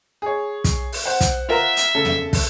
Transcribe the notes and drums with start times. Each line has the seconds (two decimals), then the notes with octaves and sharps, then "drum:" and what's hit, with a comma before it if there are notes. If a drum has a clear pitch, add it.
0.22 G#4 C#5
0.64 drum: kick, hi-hat
0.92 drum: open hi-hat
1.05 C5 F#5
1.21 drum: kick, hi-hat
1.49 F4 A#4 E5 A#5
1.77 drum: hi-hat
1.95 C#3 A4
2.05 drum: tom
2.33 drum: kick, open hi-hat